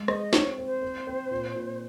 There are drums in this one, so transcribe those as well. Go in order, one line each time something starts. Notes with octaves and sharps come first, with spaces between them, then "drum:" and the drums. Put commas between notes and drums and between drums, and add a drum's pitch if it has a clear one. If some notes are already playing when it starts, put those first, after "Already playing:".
Already playing: G#3
G#4 D#5, drum: rim click
C4 C#5, drum: snare
C4
C5
C4
C4
A#2
A#2